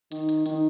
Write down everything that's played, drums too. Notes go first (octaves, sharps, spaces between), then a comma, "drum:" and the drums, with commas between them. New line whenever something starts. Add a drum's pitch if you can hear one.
D#3, drum: hi-hat
drum: hi-hat
D#3, drum: hi-hat